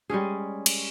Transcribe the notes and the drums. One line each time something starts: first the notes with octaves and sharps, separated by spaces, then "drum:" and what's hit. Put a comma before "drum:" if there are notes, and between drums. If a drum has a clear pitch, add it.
G3 G#3 C#4 G#4
drum: cymbal